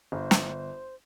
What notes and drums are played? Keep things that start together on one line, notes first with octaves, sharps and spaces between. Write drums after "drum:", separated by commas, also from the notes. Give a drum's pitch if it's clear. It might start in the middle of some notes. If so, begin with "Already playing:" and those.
G1 C5
drum: snare